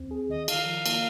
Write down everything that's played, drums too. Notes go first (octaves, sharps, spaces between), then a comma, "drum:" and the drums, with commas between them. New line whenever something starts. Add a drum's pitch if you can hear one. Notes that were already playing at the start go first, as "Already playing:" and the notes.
Already playing: D#2 C4
G#4
D#3 D#5
D#3 F5, drum: cymbal
F3
A#3, drum: cymbal